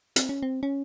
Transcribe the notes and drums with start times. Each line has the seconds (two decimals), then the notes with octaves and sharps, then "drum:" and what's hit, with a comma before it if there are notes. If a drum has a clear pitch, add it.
0.16 C4, drum: hi-hat
0.29 C#4
0.43 C4
0.63 C#4